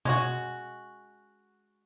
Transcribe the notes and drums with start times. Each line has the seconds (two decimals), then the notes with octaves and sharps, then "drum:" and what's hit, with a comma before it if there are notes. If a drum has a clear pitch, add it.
0.05 G#3 C#4 F#4, drum: tom B2